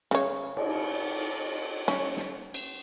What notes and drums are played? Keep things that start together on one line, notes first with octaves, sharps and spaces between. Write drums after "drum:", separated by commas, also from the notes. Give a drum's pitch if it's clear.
C#3 C#5, drum: snare
drum: cymbal
C#4, drum: snare
drum: snare
drum: cymbal